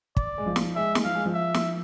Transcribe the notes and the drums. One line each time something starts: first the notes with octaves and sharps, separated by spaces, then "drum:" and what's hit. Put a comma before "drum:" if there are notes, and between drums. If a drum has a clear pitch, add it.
D5, drum: kick
G#3
F3
drum: snare
G#3 E5
drum: snare
F3 F5
G#3
F3
E5
drum: snare